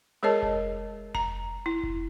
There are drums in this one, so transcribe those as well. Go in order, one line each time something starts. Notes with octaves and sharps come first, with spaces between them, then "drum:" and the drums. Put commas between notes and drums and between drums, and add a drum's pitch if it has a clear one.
G#3 G#4 A#4 C#5 D#5 A5
drum: kick F1
A#5, drum: kick F1
E4
drum: kick F1